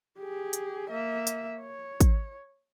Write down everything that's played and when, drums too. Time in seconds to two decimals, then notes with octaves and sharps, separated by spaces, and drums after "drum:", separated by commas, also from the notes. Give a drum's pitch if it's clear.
0.19 G4 G#4
0.53 drum: hi-hat
0.90 A#3 E5
1.27 drum: hi-hat
1.61 C#5
2.01 drum: kick, hi-hat